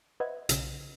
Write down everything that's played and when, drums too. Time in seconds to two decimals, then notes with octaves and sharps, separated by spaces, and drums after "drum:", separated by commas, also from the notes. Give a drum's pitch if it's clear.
0.20 B4 C5 D#5 E5 F#5 G#6
0.49 B1 C#3 E7, drum: hi-hat